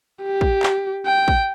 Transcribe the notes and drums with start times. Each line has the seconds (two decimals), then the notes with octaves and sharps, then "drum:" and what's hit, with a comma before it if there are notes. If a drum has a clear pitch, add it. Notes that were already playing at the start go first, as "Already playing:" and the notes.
0.24 G4
0.41 drum: kick
0.63 drum: clap
1.06 G5
1.28 drum: kick